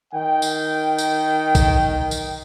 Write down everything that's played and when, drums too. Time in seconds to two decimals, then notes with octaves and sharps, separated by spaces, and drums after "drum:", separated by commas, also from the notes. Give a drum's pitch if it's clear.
0.14 D#3 G5
0.42 drum: tambourine
0.98 drum: tambourine
1.55 drum: kick, tambourine
2.11 drum: tambourine